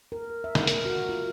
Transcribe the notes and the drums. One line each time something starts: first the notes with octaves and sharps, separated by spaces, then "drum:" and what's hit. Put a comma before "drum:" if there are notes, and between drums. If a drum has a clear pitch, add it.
A#4
E5
drum: snare
A#4, drum: hi-hat
F#4
F4